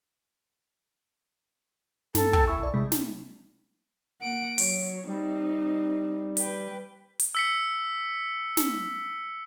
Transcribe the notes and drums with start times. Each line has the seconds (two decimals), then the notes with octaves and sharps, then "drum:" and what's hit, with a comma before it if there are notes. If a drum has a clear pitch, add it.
2.15 G2 A4, drum: snare
2.33 G5 G#5 E6, drum: kick
2.47 E4 C#6 E6
2.59 B1 D5
2.74 C3 G#3 E4
2.92 drum: snare
4.21 A#3 F#5 D7
4.58 F#3 C#5, drum: open hi-hat
5.07 G3 C4 D#4
6.37 B4 G5, drum: hi-hat
7.19 drum: hi-hat
7.35 E6 B6 C#7
8.57 drum: snare